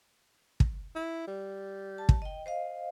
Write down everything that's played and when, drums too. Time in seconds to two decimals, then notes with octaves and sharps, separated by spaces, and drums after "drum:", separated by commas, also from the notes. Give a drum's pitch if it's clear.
0.60 drum: kick
0.96 E4
1.28 G3
1.98 A5
2.09 drum: kick
2.22 D#5 G5
2.46 C5 D#5 F5